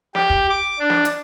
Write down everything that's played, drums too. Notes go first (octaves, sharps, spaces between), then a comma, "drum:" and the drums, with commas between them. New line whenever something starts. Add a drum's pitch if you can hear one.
G4, drum: snare
drum: kick
D6
D4
drum: snare
drum: hi-hat